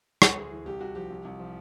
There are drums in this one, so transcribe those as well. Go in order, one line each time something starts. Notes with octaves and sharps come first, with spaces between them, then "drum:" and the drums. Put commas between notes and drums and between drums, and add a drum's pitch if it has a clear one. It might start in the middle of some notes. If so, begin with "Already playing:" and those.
D2 G#4, drum: rim click
D2
E3
C2 G4
C2 F#4
F3 G4
C2
C2
F3